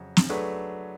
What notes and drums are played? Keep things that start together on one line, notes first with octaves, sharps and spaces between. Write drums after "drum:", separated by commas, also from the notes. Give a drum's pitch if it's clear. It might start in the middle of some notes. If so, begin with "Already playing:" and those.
Already playing: F2 C#3 F#3
drum: snare
F#3 A3 D4 G#4 B4